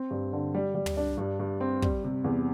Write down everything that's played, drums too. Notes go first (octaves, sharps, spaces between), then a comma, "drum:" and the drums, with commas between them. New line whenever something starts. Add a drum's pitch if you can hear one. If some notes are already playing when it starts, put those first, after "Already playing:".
Already playing: C4
G2
D3
G3
G3
drum: tom
D4
G2
G2
C4
G3, drum: kick
C3
E2